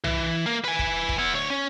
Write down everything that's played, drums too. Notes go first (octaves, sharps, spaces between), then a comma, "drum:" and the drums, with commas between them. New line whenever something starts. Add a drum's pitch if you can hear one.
E3, drum: tom
A#3
B4 G#5
drum: kick
drum: kick
B3 E4
D2 C#5
C#4